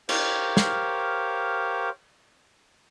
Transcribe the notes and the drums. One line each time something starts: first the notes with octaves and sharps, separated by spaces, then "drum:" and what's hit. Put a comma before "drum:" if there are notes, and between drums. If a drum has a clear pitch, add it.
G4 A#4 C5 C#5 F5, drum: cymbal
drum: snare